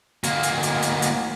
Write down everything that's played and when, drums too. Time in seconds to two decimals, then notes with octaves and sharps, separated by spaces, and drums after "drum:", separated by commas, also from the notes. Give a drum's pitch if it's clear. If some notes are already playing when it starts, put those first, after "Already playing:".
0.24 D2 A#3, drum: hi-hat
0.43 drum: hi-hat
0.63 drum: hi-hat
0.83 drum: hi-hat
1.02 drum: hi-hat